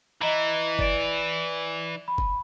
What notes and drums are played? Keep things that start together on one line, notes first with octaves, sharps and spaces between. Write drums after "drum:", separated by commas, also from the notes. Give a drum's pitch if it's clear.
E3 D#5 A#5
D5 A6 D7, drum: kick F#1
B5
drum: kick F#1